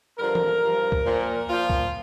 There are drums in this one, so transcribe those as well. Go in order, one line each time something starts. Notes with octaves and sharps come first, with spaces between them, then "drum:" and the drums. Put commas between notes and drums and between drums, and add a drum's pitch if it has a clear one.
G2 D3 F3 A#4
drum: tom E3
G2 F3
drum: kick C2
A#2 F3
A#2 F3 F4
drum: kick C2